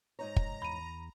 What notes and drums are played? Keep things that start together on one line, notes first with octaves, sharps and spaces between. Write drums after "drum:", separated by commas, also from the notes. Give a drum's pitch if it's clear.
G#2 D#4 C#5 A#5
drum: kick
E2 B5 D#7